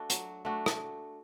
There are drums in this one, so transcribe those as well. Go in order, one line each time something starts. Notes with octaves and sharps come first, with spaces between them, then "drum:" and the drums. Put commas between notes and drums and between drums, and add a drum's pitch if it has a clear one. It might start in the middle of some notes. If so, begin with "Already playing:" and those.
Already playing: A3 D4 F#4
F#3, drum: hi-hat
A3 D4 F#4
drum: rim click